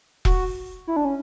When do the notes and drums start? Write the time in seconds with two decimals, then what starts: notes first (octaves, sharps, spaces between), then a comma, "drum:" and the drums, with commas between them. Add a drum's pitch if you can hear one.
0.25 F#4, drum: kick E1
0.87 E4
0.96 D4
1.05 C#4